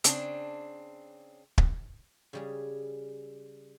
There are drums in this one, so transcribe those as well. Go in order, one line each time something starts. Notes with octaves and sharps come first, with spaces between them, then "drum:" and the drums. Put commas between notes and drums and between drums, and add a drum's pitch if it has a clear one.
C#3 C4 D4, drum: hi-hat
drum: kick
C#3 G3 G#4